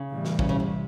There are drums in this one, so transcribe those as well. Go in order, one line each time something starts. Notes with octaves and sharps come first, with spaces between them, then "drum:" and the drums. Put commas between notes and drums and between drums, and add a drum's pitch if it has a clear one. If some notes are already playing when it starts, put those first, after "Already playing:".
Already playing: C#3
A2 E3 G3
drum: snare
C#3, drum: kick A#1
C#3
C3